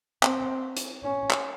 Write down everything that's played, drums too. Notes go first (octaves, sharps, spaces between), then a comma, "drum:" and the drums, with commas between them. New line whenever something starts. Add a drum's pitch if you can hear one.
C4, drum: clap
drum: hi-hat
C#4
drum: clap